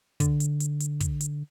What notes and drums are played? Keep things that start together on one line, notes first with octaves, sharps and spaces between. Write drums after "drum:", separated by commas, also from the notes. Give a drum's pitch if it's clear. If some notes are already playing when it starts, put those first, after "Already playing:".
D3, drum: kick, hi-hat
drum: hi-hat
drum: hi-hat
drum: hi-hat
drum: kick, hi-hat
drum: hi-hat